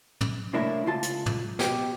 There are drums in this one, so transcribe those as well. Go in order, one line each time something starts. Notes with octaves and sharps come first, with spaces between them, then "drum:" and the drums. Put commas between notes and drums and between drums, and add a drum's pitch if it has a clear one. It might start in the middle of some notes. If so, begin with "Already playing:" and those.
drum: tom
C2 A2 A#3 D4 E4
C#2 F4 A5
drum: hi-hat
drum: tom
B2 G4, drum: snare